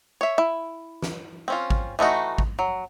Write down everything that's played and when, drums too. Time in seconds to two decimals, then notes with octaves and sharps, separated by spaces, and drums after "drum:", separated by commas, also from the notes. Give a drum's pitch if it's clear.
0.21 C#5 E5
0.38 E4
1.02 drum: snare
1.48 C4 C#4 F4
1.70 drum: kick G#1
1.99 E3 A3 D#4 F#4
2.38 drum: kick G#1
2.59 F#3